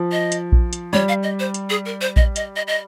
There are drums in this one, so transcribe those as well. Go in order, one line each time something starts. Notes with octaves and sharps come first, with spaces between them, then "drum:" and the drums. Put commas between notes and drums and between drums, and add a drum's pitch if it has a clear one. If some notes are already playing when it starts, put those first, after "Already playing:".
Already playing: F3
D#5
drum: hi-hat
drum: kick A#1
drum: hi-hat
G3 C#5
F5
D#5
C5
drum: hi-hat
G#4
A#4
C5
D#5, drum: kick A#1
D#5, drum: hi-hat
D#5
D#5